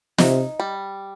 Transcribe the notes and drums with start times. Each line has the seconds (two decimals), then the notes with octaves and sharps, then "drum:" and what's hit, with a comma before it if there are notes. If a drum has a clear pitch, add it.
0.18 C3 D#4, drum: snare
0.60 G3